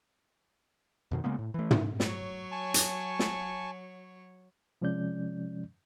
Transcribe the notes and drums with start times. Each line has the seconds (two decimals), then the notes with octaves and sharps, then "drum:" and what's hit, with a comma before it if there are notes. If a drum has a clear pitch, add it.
1.11 F2 B2 D#3
1.24 C#3 G#3 A#3 B3
1.39 A2
1.54 E3 A3
1.71 drum: tom
2.00 F#3 C#5, drum: snare
2.52 G#5 A5 C#6
2.74 drum: hi-hat
3.19 drum: snare
4.81 C3 F3 G#3 C#4 D5 G6